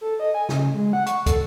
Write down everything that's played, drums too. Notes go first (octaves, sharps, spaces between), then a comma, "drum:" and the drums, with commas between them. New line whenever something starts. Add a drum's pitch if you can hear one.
A4
D#5
G#5
C#3, drum: snare
G#3
F#5
C#6, drum: hi-hat
A4, drum: kick, hi-hat